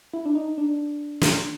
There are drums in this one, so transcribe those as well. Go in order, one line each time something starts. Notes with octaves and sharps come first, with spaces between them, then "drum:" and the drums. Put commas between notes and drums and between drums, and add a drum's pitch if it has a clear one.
E4
D4
D#4
D4
drum: snare